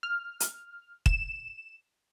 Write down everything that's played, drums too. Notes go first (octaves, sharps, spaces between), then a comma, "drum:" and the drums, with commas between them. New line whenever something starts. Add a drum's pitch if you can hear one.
F6
drum: hi-hat
E7, drum: kick